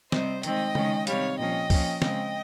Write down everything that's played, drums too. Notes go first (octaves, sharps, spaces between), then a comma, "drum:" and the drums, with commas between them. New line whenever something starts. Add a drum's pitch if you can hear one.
C3 G3 C4 C5 D#5, drum: snare
D#3 G#3 C4 D#5 G5, drum: hi-hat
D#3 G#3 C#4, drum: tom C#3
C3 D#3 G3 C#5 F5, drum: hi-hat
A#2 F3 A#3 C#4 D#5 G5
F3 A#3 C#4, drum: kick, open hi-hat
C#3 G#3 C4 D#5 G5, drum: snare